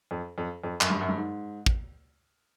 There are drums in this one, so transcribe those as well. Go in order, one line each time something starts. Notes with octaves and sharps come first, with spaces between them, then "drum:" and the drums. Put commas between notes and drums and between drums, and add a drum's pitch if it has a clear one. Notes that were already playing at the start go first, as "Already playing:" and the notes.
F2
F2
F2
F#2, drum: clap
G2
F#2
G2
G#2
drum: kick